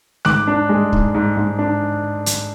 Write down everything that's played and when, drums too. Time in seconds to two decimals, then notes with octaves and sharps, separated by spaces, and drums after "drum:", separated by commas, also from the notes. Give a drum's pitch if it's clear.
0.25 G#2 D6 F#6, drum: snare A3
0.47 D4
0.69 G#3
0.93 G#2, drum: kick
1.15 G#2
1.37 G#2
1.59 D4
2.26 drum: hi-hat